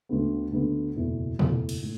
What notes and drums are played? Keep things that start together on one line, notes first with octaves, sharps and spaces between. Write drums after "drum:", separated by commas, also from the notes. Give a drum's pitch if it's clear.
D2 D3 B3
D2 D3 B3
F#1 E2 B2 A3 E4
F#1 E2 B2 A3 E4, drum: tom A#2
drum: cymbal
A2